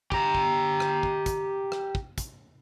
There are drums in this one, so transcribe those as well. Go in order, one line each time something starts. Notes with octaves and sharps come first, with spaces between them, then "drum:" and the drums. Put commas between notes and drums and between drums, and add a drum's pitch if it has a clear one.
G4 A#5, drum: kick
drum: kick
drum: rim click
drum: kick
drum: kick, hi-hat
drum: rim click
drum: kick
drum: kick, hi-hat